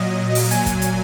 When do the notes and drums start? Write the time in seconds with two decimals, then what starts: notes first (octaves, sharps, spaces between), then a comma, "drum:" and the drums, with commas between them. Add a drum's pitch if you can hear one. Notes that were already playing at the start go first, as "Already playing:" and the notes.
Already playing: A#2 F#3 D#5
0.35 drum: open hi-hat
0.51 A#2 F#3 G#5, drum: hi-hat
0.66 drum: kick, hi-hat
0.82 drum: hi-hat